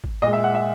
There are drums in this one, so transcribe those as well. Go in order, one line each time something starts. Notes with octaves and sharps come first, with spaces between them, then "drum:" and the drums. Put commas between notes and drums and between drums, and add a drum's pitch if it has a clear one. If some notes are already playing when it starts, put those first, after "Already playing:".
drum: kick
A#2 G#3 D#5
E5
F#5
E5